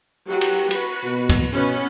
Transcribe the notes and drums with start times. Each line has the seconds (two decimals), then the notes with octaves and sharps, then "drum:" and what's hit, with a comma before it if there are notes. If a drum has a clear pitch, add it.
0.28 F#3 F#4 G4
0.41 drum: cymbal
0.71 F#4 B4, drum: cymbal
1.04 B2
1.29 drum: kick C#2, cymbal
1.52 B2 B3 C#4